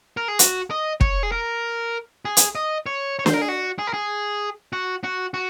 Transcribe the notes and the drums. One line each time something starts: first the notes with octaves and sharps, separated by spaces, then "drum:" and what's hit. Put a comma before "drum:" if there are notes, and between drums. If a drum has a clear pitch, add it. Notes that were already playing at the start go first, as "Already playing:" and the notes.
A#4
G#4
F#4, drum: hi-hat
D#5
C#5, drum: kick
G#4
A#4
G#4
drum: hi-hat
D#5
C#5
C#5
C5, drum: snare
A#4
G#4
F#4
G#4
A#4
G#4
F#4
F#4
F#4